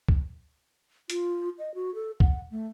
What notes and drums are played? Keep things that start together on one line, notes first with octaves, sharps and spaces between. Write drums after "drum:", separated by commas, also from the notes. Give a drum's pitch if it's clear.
drum: kick
F4, drum: hi-hat
D#5
F#4
A4
F#5, drum: kick
A3